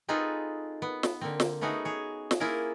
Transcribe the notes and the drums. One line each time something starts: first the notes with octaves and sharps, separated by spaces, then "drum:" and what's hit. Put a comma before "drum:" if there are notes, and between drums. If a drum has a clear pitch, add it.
C4 D#4 F4 G#4 A4 B4
B3
drum: snare
D3 A#3 C4
drum: snare
A3 B3 C#4 D#4 F#4 G#4
G#4 C#5
drum: snare
A#3 C#4 E4 F4 G#4 A#4